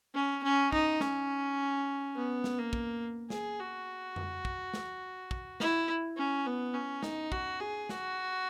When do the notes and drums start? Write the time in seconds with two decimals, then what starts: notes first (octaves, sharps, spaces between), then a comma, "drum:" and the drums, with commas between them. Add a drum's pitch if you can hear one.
0.15 C#4
0.43 C#4
0.72 D#4, drum: kick
1.00 C#4, drum: snare
2.16 B3
2.44 drum: snare
2.58 A#3
2.73 drum: kick
3.30 G#4, drum: snare
3.59 F#4
4.16 drum: tom F2
4.45 drum: kick
4.74 drum: snare
5.31 drum: kick
5.60 E4, drum: snare
6.17 C#4
6.46 B3
6.74 C#4
7.03 D#4, drum: snare
7.32 F#4, drum: kick
7.60 G#4
7.89 F#4, drum: snare